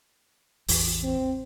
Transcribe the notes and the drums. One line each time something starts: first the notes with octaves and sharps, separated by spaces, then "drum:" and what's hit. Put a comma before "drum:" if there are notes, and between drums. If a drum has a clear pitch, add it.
A1 E2, drum: open hi-hat
C4